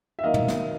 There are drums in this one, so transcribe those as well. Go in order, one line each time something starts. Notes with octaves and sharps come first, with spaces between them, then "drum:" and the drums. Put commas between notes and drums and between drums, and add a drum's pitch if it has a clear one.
E5
D#3 F#3 A#3 D#5 F5
drum: tom B2
drum: snare